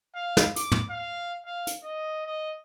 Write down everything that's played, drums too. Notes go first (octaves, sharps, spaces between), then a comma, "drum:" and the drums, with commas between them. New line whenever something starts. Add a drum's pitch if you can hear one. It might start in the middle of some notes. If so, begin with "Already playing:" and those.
F5
drum: snare
D6, drum: hi-hat
drum: tom
F5
F5
drum: hi-hat
D#5
D#5